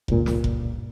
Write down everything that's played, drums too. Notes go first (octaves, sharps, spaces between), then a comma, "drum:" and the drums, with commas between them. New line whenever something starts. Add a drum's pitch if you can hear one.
C#2 G2 A#2, drum: kick F1
drum: snare
drum: kick F1